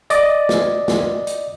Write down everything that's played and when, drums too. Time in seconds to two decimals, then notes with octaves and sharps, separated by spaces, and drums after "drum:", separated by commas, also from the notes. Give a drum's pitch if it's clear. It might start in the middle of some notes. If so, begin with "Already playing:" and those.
0.10 D5 D#5 D6, drum: hi-hat
0.49 drum: snare
0.88 drum: snare
1.27 drum: hi-hat